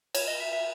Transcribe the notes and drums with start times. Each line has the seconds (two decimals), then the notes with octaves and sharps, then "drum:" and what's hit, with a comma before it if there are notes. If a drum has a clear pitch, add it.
0.15 C#5, drum: cymbal
0.28 D#5
0.40 E5
0.53 E5